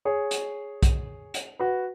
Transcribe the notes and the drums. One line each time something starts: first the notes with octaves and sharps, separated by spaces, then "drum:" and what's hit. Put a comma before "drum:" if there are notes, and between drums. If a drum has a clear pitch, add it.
G#4 C#5
drum: hi-hat
drum: kick B1, hi-hat
drum: hi-hat
F#4 B4